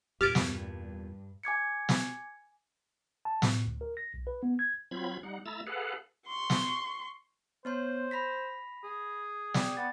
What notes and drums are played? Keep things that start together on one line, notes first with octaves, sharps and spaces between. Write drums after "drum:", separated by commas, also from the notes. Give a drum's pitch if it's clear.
E2 G2 A#2 G4 F6 A6 D7
drum: snare
G#5 D6 G#6 C#7
drum: snare
A5
A2, drum: snare
D2
A#4
A#6
B1
B4
B3
G#6
F#3 C4 F4 B5 G#6
G3 D#4 F#5
A3 E4 A#5 E6 A6
G#4 A4 B4 F5 F#5
C6 C#6
drum: snare
B3 C5 C#5 C6
B5 A#6 B6
G#4
D5 G5 D6, drum: snare
B3 A6